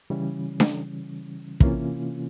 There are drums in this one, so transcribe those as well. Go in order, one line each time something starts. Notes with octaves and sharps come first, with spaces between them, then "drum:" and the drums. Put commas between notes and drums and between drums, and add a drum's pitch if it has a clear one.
C#3 E3 G3 C#4
drum: snare D4
C3 E3 A#3 C#4 F4, drum: kick